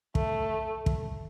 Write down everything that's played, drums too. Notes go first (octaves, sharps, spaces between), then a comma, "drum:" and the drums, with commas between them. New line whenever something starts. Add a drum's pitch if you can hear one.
A3, drum: kick
drum: kick